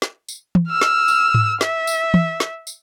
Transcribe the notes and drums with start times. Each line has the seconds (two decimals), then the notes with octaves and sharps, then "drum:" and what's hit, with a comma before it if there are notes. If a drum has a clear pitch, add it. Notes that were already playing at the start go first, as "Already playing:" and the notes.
0.02 drum: snare
0.29 drum: tambourine
0.55 drum: tom E3
0.68 E6 F6
0.81 drum: snare
1.08 drum: tambourine
1.34 drum: tom G#2
1.61 E5, drum: snare
1.87 drum: tambourine
2.14 drum: tom E3
2.40 drum: snare
2.67 drum: tambourine